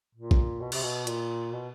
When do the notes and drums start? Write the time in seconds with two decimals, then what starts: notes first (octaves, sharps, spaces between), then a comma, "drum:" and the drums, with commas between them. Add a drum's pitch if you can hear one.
0.15 A#2
0.31 drum: kick
0.61 B2
0.72 C3, drum: cymbal
0.83 B2
1.07 A#2, drum: hi-hat
1.53 B2